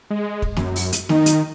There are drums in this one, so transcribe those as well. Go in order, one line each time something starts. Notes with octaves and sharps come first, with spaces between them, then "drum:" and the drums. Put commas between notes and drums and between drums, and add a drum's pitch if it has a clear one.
G#3
drum: kick
F#2, drum: snare
drum: open hi-hat
drum: hi-hat
D#3 D#4, drum: snare
drum: hi-hat